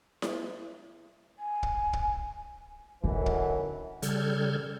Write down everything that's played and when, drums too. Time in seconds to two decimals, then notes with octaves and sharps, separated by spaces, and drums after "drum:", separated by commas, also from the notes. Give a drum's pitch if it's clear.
0.22 drum: snare E4
1.39 G#5
1.63 drum: kick
1.93 drum: kick
3.04 B1 F#2 D3 E3
3.26 drum: kick
4.02 C#3 G3 A4 F6 G6 G#6, drum: hi-hat